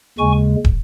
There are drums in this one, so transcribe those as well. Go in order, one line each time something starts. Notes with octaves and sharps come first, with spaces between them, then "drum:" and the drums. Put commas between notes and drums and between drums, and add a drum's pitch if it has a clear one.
D#2 C#3 G#3 G#5 C#6
drum: kick